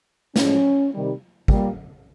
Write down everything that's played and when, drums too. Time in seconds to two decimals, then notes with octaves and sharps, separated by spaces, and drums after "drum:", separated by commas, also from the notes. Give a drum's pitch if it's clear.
0.36 A2 F3 G#3 C#4, drum: snare
0.92 C3 D#3 G3
1.48 A#2 G3 A#3, drum: kick